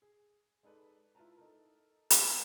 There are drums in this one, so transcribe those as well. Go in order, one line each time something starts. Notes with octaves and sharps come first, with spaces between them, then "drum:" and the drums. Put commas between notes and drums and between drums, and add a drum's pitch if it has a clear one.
G#4
G#3 D#4 A4 B4 D5
E4 F4 B4 A5 A#5
D#4 A4 A#4
drum: hi-hat